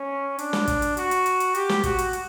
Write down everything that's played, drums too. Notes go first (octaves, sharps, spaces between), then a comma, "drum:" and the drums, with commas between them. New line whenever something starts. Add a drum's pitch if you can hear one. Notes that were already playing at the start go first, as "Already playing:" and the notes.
Already playing: C#4
D4, drum: hi-hat
drum: snare
drum: kick, hi-hat
drum: hi-hat
F#4, drum: hi-hat
drum: hi-hat
drum: hi-hat
drum: hi-hat
G4, drum: hi-hat
drum: snare
F#4, drum: kick, hi-hat
drum: hi-hat
drum: hi-hat